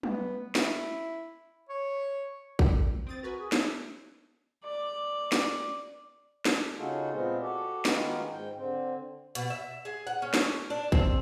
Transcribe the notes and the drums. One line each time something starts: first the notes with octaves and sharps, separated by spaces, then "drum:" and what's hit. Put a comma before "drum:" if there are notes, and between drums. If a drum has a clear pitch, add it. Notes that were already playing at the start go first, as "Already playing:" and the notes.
B3, drum: tom
E4, drum: snare
C#5
drum: kick
C4 D#6 A6
F#4 A#4 B4 G#5
G#4
B3 D#4 E4 C#5, drum: snare
D5
drum: snare
drum: snare
C#3 D#4 F4 F#4 G#4 A4
A#2 G#3 B3 C4 F4
F#4 G4 A4
D#3 G#3 A#3 B3 F4 F#4, drum: snare
G#2 G5
D3 C4
B2, drum: hi-hat
E5
G#4
F#5
C#4
drum: snare
D4
C4, drum: kick